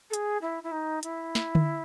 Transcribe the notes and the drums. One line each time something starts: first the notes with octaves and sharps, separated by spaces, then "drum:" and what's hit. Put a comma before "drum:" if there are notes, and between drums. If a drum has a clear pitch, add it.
A4
G#4, drum: hi-hat
E4
E4
D#4
E4, drum: hi-hat
drum: snare
drum: tom D3